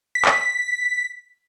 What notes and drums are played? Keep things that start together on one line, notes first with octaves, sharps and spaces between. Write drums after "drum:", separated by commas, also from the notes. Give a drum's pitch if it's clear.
B6
drum: clap